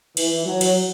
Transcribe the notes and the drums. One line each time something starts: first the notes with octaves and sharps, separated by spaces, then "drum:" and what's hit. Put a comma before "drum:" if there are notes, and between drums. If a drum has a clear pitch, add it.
E3, drum: cymbal
F#3
drum: cymbal